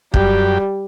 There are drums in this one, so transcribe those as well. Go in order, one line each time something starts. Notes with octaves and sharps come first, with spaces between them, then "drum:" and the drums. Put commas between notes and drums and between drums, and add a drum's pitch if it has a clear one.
F#2 G3 G4, drum: kick